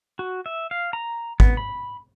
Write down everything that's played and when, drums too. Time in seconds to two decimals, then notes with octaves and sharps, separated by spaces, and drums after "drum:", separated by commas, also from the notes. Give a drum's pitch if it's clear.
0.19 F#4
0.46 E5
0.71 F5
0.93 A#5
1.40 B3, drum: kick
1.57 B5